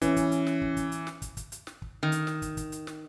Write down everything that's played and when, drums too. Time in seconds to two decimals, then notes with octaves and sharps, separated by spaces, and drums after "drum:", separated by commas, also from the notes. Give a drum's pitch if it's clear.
0.02 E3 C#4, drum: kick, hi-hat
0.17 drum: kick, hi-hat
0.32 drum: hi-hat
0.47 drum: snare
0.62 drum: kick
0.77 drum: kick, hi-hat
0.92 drum: hi-hat
1.07 drum: snare
1.22 drum: kick, hi-hat
1.37 drum: kick, hi-hat
1.52 drum: hi-hat
1.67 drum: snare
1.82 drum: kick
2.03 D#3
2.12 drum: hi-hat
2.27 drum: snare
2.42 drum: kick, hi-hat
2.57 drum: kick, hi-hat
2.72 drum: hi-hat
2.87 drum: snare